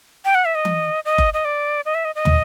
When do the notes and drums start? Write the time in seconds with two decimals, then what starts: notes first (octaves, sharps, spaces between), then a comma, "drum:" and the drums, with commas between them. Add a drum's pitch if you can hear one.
0.25 G5
0.35 F#5
0.45 E5
0.55 D#5
0.65 drum: tom E3
1.05 D#5
1.18 drum: kick F#1
1.34 D#5
1.45 D5
1.85 D#5
1.95 E5
2.05 D#5
2.15 D#5
2.25 drum: tom